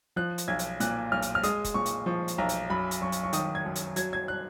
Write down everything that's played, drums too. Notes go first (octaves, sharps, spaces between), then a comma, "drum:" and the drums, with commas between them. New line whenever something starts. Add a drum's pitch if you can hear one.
F3 F#6
drum: hi-hat
B1 G#6
drum: hi-hat
A#2 F#6, drum: hi-hat
B1 F6
drum: hi-hat
F6
G#3 D#6, drum: hi-hat
drum: kick F1, hi-hat
A#2 C#6
drum: hi-hat
F3 C#6
drum: hi-hat
B1 A#5
drum: hi-hat
F#2 B5
drum: hi-hat
F#2 C#6
drum: hi-hat
C#6
D#3 D#6, drum: hi-hat
G#6
F#2
drum: hi-hat
F#3 G#6, drum: hi-hat
G#6
F#6